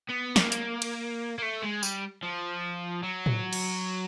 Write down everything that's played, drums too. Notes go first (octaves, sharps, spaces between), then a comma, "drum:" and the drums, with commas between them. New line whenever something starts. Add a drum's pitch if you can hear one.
B3
A#3, drum: snare
drum: hi-hat
drum: cymbal
A#3
A3
G#3
G3, drum: tambourine
F3
F#3
drum: tom A2
drum: cymbal